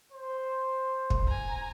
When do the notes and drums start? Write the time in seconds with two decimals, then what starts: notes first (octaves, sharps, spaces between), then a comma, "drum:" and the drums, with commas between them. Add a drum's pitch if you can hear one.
0.12 C5
1.10 drum: kick
1.28 G#5 A#5